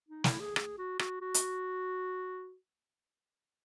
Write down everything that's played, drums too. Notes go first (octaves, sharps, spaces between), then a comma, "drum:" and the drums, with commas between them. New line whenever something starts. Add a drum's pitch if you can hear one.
D#4
E4, drum: snare
G#4
G#4, drum: rim click
F#4
F#4, drum: rim click
F#4
drum: hi-hat